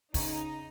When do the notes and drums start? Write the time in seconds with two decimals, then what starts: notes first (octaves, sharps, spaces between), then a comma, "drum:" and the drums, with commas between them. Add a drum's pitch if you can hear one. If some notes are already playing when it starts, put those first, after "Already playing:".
0.14 C#3 D#4, drum: kick, open hi-hat